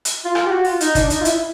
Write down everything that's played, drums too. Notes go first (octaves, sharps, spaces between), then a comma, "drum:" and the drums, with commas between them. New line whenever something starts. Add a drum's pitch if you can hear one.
drum: hi-hat
F4
F4, drum: rim click
G4
F#4
F4, drum: open hi-hat
D#4, drum: hi-hat
D4, drum: kick, hi-hat
D#4, drum: hi-hat
F4
E4, drum: hi-hat